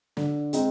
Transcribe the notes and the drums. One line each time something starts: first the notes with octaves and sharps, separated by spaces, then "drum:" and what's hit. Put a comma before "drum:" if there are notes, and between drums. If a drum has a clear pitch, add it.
D3, drum: snare
G#3 C4 D#4, drum: hi-hat